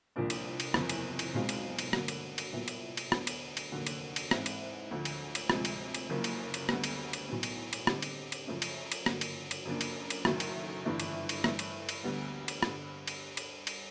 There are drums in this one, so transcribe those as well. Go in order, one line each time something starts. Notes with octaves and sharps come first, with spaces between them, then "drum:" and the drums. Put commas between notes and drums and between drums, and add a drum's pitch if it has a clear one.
C2 A#2 F3 A#3 D4
drum: cymbal
drum: cymbal
F#1 E2 C3 F3, drum: rim click
drum: cymbal
drum: cymbal
B1 B2 G#3 C4 F4
drum: cymbal
drum: cymbal
G2 D3 F#3 A#3, drum: rim click
drum: cymbal
drum: cymbal
C2 A#2 F#3 B3 E4
drum: cymbal
drum: cymbal
D2 D3 F#3 B3 D4, drum: rim click
drum: cymbal
drum: cymbal
F1 D#2 D3 F#3 A#3
drum: cymbal
drum: cymbal
G#2 E3 G#3 C4 E4, drum: rim click
drum: cymbal
D2 D3 F3
drum: cymbal
drum: cymbal
D2 C3 F3 G#3, drum: rim click
drum: cymbal
drum: cymbal
F#1 F#2 C#3 F3 A#3
drum: cymbal
drum: cymbal
D2 D3 G3 B3, drum: rim click
drum: cymbal
drum: cymbal
B1 A2 F#3 B3
drum: cymbal
drum: cymbal
D3 G3 C4 D#4 G4, drum: rim click
drum: cymbal
drum: cymbal
F#2 C#3 F3 A3 C#4
drum: cymbal
drum: cymbal
G1 G2 D3 F#3 A#3, drum: rim click
drum: cymbal
drum: cymbal
F#2 C#3 F3 A#3 D4
drum: cymbal
drum: cymbal
F#1 F#2 D#3 F#3 A3, drum: rim click
drum: cymbal
G1 G2 E3 A3 D4
drum: cymbal
drum: cymbal
G2 E3 A3, drum: rim click
drum: cymbal
drum: cymbal
D2 D3 G3 B3
drum: cymbal
G2 D3 G3, drum: rim click
drum: cymbal
drum: cymbal
drum: cymbal